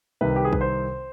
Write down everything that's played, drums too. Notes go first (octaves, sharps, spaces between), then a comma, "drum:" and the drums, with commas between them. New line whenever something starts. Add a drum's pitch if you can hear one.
C2 C3 D#3 B4
G4
G#4
B4, drum: kick A#1
C5